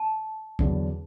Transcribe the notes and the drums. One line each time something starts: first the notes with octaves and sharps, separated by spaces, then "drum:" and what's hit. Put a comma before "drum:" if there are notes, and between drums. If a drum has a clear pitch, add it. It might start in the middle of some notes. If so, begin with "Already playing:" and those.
Already playing: A5
E2 D3 F#3 D4, drum: kick